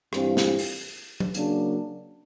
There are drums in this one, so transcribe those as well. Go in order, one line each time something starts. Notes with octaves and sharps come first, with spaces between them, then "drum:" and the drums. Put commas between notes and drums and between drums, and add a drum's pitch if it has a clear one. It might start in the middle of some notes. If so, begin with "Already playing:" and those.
G2 E3 G3 C4 F4, drum: rim click
drum: snare
drum: open hi-hat
drum: tom F#3
C#3 F#3 A#3 D4, drum: hi-hat